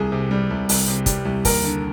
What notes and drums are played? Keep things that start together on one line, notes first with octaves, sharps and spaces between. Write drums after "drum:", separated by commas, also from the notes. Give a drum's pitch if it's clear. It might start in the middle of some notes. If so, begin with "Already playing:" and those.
Already playing: C2 G#4
C3
G3
C2
C2, drum: open hi-hat
C3
G3, drum: kick, hi-hat
C2
D#2 A#4, drum: kick, open hi-hat
D3